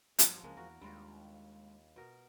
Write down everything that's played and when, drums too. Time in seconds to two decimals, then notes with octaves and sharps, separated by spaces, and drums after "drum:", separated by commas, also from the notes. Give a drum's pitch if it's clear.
0.19 G2 F3 F#3, drum: hi-hat
0.43 C#2 C#3 G#3 A#3 D4
0.57 E2 F#4 A#4
0.81 D#2 G3 G#3 D4 F4 F#4
1.96 B2 A#4